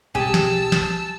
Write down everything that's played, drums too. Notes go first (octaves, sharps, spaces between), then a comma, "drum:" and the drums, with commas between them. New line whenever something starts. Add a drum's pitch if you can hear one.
B1 G3 C4 G4 G#4 A5 E6
drum: snare
drum: snare